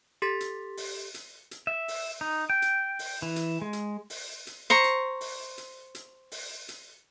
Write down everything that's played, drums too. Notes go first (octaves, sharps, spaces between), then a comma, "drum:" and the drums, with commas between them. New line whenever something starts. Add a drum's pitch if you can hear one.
G4 A4 C6 A6 B6
drum: hi-hat
drum: open hi-hat
drum: hi-hat
drum: hi-hat
E5
drum: open hi-hat
D#4
G5
drum: hi-hat
drum: open hi-hat
E3
drum: hi-hat
G#3
drum: hi-hat
drum: open hi-hat
drum: hi-hat
C5 A#5 C#6
drum: hi-hat
drum: open hi-hat
drum: hi-hat
drum: hi-hat
drum: open hi-hat
drum: hi-hat